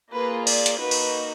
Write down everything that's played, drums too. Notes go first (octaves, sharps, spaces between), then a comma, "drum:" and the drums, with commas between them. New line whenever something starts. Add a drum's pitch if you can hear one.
A#3 F4 G#4 B4
D5, drum: cymbal
drum: hi-hat
A#3 D#4 F#4 B4
drum: cymbal